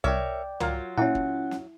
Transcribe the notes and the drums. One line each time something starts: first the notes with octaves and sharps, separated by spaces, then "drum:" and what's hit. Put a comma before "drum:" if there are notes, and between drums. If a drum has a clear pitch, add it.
C2 A#4 C#5 D5 E5 G5
F#3 F4 A#4, drum: tom
A#2 C#4 E4 E5 F#5
drum: kick
drum: snare